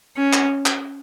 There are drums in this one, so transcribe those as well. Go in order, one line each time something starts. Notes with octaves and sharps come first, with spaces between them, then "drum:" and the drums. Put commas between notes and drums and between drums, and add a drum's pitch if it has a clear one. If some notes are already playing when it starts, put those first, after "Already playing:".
C#4
drum: clap
drum: clap